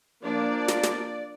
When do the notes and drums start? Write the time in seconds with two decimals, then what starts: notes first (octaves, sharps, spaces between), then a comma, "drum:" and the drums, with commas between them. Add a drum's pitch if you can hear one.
0.23 F3 A#3 D4 D5
0.68 drum: snare
0.83 drum: snare